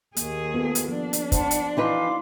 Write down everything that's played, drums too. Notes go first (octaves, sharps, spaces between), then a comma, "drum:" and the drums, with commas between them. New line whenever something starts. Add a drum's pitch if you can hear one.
D#2 A#3 G#4, drum: hi-hat
B3 F4 A4
drum: hi-hat
F3 D4
drum: hi-hat
C5 F#5 A5, drum: kick, hi-hat
drum: hi-hat
E3 D#4 E4 F#4 B4 F5 C6 D6